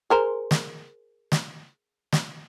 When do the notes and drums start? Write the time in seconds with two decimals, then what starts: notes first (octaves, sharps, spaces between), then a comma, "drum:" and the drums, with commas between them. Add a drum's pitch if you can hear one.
0.10 G#4 A#4 C5
0.51 drum: snare
1.32 drum: snare
2.12 drum: snare